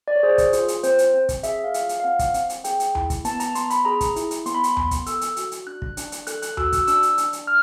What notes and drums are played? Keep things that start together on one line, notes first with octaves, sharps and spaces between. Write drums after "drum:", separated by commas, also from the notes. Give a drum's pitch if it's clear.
D5
C#5
G#4 C5
drum: kick, hi-hat
F4, drum: hi-hat
drum: hi-hat
C4 C5, drum: hi-hat
drum: hi-hat
C4
drum: kick, hi-hat
G#4 E5, drum: hi-hat
F5
F4, drum: hi-hat
drum: hi-hat
F5
C4 F#5
drum: kick, hi-hat
C4, drum: hi-hat
drum: hi-hat
G#4 G5, drum: hi-hat
drum: hi-hat
E4, drum: tom D#2
drum: kick, hi-hat
B3 A5, drum: hi-hat
A#5, drum: hi-hat
B3 C6, drum: hi-hat
B5, drum: hi-hat
G#4 A#5
drum: kick, hi-hat
E4, drum: hi-hat
drum: hi-hat
B3 C6, drum: hi-hat
B5
C6, drum: hi-hat
B3, drum: tom D#2
drum: kick, hi-hat
A4 E6, drum: hi-hat
drum: hi-hat
F#4, drum: hi-hat
drum: hi-hat
D4 F#6
drum: kick
D4, drum: hi-hat
drum: hi-hat
A4 F#6, drum: hi-hat
F#6, drum: hi-hat
F#4 E6, drum: tom D#2
E6, drum: kick, hi-hat
D4 E6, drum: hi-hat
drum: hi-hat
D4, drum: hi-hat
drum: hi-hat
F6